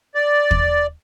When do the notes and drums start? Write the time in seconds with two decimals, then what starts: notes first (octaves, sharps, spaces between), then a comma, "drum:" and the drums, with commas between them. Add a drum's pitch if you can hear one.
0.15 D5
0.51 drum: kick